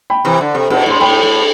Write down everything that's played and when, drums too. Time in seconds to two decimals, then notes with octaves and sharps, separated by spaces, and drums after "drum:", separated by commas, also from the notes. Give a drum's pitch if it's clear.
0.10 G5 B5
0.25 C3 E3
0.41 D3
0.55 C3
0.70 B2, drum: cymbal
0.86 A2 C6
1.00 A2 G5 B5
1.23 A2